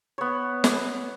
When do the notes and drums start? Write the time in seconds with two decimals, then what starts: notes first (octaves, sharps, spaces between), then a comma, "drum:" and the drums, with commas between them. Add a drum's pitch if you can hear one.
0.18 B3 C#5
0.64 drum: snare